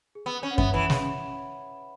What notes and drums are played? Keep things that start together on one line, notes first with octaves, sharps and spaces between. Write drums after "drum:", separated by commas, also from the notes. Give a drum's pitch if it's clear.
G#4
B3 B4
C#4 C#5
F#5
B3 E5, drum: kick F#2
E3 B5
C#3, drum: snare